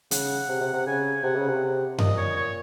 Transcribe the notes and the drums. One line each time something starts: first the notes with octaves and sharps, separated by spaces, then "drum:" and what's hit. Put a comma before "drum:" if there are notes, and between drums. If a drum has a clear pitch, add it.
C#3 F#5, drum: hi-hat
C3
C3
C3
C#3 G#5
C3 F#5
C#3
C3
A#2 D#5, drum: tom F#2
C#5
C#5